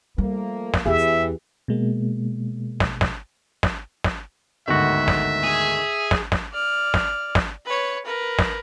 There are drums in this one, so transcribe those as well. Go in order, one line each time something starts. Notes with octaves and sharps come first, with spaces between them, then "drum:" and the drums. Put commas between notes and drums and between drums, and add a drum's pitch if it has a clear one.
F3 G3 A3 A#3
drum: snare
E2 E3 G4 G#4 E5
B2 G#3 A#3
drum: snare
drum: snare
drum: snare
drum: snare
G1 D2 G#2 D#3 F#4 E5
drum: snare
G#4
drum: snare
drum: snare
D5 F6
drum: snare
drum: snare
B4 C#5
A#4 B4
drum: snare